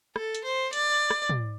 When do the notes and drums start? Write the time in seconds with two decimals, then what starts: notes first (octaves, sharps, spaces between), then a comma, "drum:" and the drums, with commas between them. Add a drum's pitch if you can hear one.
0.16 A4, drum: rim click
0.35 drum: hi-hat
0.44 C5
0.73 D5, drum: hi-hat
1.10 drum: rim click
1.29 drum: tom